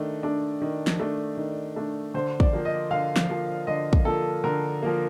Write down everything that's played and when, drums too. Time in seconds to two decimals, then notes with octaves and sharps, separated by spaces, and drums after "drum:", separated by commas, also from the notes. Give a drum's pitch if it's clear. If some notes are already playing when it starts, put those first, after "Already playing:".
Already playing: D#3 A3 D4
0.23 A3 D4
0.61 D#3
0.87 drum: snare
1.00 A3 D4
1.37 D#3
1.76 A3 D4
2.14 D3 C5
2.40 D5, drum: kick
2.53 F3 A#3
2.65 D#5
2.91 D3 F5
3.16 drum: snare
3.29 F3 A#3
3.67 D3 D#5
3.93 drum: kick
4.05 F3 A#3 A4
4.44 D3 A#4
4.82 F3 A#3